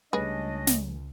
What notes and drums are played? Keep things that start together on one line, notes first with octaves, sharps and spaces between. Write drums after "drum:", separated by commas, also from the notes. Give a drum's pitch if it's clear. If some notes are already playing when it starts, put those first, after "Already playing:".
C#2 G3 A3 C#4 D4 G#4 B4 D#5
drum: snare